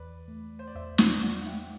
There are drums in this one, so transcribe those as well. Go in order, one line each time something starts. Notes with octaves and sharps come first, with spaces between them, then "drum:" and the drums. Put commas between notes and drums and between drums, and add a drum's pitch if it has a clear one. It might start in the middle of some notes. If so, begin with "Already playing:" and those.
Already playing: E2 B4 D5
A3
C5
D5
E2 C5 E5
D5 F#5, drum: snare
E2 D5 F#5
F#5
E5 G5